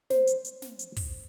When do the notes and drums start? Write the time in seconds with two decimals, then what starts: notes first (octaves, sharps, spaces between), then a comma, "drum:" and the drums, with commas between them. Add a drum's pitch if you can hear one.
0.10 C5, drum: snare
0.27 drum: hi-hat
0.45 drum: hi-hat
0.62 drum: snare
0.79 drum: hi-hat
0.97 drum: kick, open hi-hat